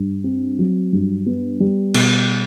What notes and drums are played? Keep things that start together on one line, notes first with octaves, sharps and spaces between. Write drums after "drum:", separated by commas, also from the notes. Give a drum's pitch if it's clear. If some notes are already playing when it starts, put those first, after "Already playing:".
Already playing: G2
C4
F#3
G2
B3
G3
B2, drum: cymbal